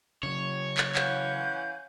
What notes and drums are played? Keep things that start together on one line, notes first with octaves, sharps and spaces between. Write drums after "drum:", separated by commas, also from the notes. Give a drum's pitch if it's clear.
C#3 F#3 C#5
drum: clap
E3 C#4 F5 F#5 G#5 G6, drum: clap